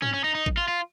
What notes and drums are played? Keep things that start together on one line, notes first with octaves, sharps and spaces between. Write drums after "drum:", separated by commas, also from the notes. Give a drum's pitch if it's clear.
C#4, drum: tom
C#4
D#4
D#4
drum: kick A1
F4
F4